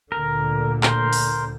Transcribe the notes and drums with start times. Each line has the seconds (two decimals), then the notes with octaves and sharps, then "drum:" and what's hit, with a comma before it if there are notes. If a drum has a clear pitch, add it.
0.12 D2 A#2 D3 A#4
0.83 A#4 C5, drum: clap
1.13 drum: open hi-hat